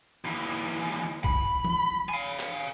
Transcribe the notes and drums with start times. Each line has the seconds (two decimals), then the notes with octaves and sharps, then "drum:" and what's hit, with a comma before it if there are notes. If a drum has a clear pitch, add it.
0.25 D#2 E3
1.24 B5, drum: kick
1.64 drum: tom E3
2.09 F5 G#5
2.40 drum: clap